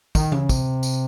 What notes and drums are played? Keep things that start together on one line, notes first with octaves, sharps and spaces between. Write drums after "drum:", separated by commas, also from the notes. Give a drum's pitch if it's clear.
D#3, drum: kick, tambourine
C#3, drum: tom E3
C3, drum: kick, tambourine
drum: tambourine